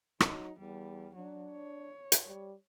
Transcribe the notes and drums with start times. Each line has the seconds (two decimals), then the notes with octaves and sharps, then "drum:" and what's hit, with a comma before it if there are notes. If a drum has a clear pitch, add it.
0.20 F#3 D#4, drum: rim click
0.60 E2 G3
1.15 F#3 D4
1.52 C#5
2.12 drum: hi-hat
2.27 G3